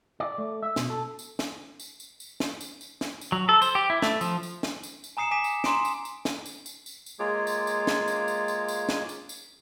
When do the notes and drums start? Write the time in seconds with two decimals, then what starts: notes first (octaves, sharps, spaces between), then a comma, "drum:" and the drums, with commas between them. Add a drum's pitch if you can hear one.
0.20 D5
0.38 A3
0.62 E5
0.76 B2, drum: snare
0.90 A4
1.19 drum: tambourine
1.39 drum: snare
1.80 drum: tambourine
2.00 drum: tambourine
2.20 drum: tambourine
2.40 drum: snare
2.61 drum: tambourine
2.81 drum: tambourine
3.01 drum: snare
3.21 drum: tambourine
3.32 F#3
3.49 A4
3.62 C5, drum: tambourine
3.75 G4
3.90 E4
4.02 A3, drum: snare
4.21 F3, drum: tambourine
4.43 drum: tambourine
4.63 drum: snare
4.83 drum: tambourine
5.04 drum: tambourine
5.17 G#5 A#5 D#6 C7 C#7 E7
5.31 G#5 D6 B6 E7
5.44 drum: tambourine
5.64 G#5 A#5 C6 D#6 D7, drum: snare
5.85 drum: tambourine
6.05 drum: tambourine
6.25 drum: snare
6.46 drum: tambourine
6.66 drum: tambourine
6.86 drum: tambourine
7.06 drum: tambourine
7.19 G#3 A#3 F4 G#4 C#5 D6
7.47 drum: tambourine
7.67 drum: tambourine
7.87 drum: snare
8.08 drum: tambourine
8.28 drum: tambourine
8.48 drum: tambourine
8.68 drum: tambourine
8.89 drum: snare
9.09 drum: tambourine
9.29 drum: tambourine